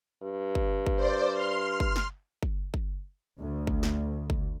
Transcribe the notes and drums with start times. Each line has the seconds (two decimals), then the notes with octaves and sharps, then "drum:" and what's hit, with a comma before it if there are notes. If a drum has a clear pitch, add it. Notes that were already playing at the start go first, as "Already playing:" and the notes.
0.23 G2
0.55 drum: kick G1
0.87 drum: kick G1
0.96 C5 D5
1.33 C6 F6
1.80 drum: kick G1
1.96 drum: snare
2.43 drum: kick G1
2.74 drum: kick G1
3.39 D2
3.67 drum: kick G1
3.83 drum: snare
4.30 drum: kick G1